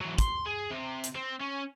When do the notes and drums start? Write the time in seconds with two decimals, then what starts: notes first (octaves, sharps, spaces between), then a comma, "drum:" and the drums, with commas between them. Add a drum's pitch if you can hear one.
0.01 E3 F#3
0.18 C6, drum: kick, hi-hat
0.46 G#4
0.70 C3
1.04 drum: hi-hat
1.16 C4
1.40 C#4